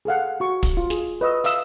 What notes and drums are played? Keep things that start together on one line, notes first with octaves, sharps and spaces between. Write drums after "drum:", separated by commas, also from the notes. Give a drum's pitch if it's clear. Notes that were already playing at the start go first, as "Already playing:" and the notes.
G#4 A4 F5 F#5
F#4 C#6
drum: kick, hi-hat
F4
G#4, drum: snare
B4 D#5 C#6 E6
E5 F5 D#6 E6, drum: hi-hat